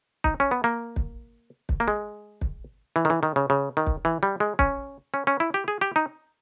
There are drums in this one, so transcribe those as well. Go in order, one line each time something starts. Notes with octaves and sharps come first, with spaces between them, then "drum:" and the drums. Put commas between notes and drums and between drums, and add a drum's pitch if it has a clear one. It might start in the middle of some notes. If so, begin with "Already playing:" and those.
D#4, drum: kick
C#4
B3
A#3
drum: kick
drum: kick
A#3
G#3
drum: kick
E3
D#3
E3
D#3
C#3
C#3
D#3
drum: kick
E3
G3
G#3
C#4, drum: kick
C#4
C#4
E4
G4
G#4
G4
D#4